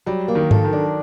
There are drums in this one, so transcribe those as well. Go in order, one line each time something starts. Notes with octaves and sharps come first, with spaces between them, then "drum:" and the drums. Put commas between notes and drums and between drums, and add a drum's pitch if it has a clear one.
F#3 G3
A#3
D#3
A4, drum: tom G#2
D#3
D4